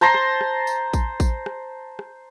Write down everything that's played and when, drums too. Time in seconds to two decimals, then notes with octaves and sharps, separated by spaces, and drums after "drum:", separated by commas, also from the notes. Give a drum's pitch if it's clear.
0.01 C5 A5 A#5 C6
0.14 drum: rim click
0.41 drum: rim click
0.67 drum: tambourine
0.94 drum: kick A1, tambourine
1.20 drum: kick A1, tambourine
1.46 drum: rim click
1.99 drum: rim click